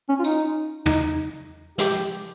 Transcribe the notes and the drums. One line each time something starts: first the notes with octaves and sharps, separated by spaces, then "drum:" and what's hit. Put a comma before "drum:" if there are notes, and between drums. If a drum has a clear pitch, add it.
C#4
F4
D#4, drum: tambourine
D#4, drum: tom
G4, drum: snare
drum: hi-hat